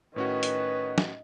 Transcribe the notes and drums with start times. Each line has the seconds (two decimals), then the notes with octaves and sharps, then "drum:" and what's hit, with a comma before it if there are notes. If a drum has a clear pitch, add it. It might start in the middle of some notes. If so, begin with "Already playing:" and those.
0.16 A2 D#3 C#4 F#4 B4 C#5
0.43 drum: hi-hat
0.98 drum: snare